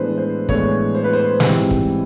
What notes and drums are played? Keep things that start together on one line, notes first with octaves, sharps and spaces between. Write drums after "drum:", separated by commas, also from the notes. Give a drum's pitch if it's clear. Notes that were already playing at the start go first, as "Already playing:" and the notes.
Already playing: A2 E3 G#3 B3 D4 B4 C5
C5
A2 E3 G#3 B3 D4 C#5, drum: kick
C5
B4
C5
G#2 E3 G3 C4, drum: snare
drum: kick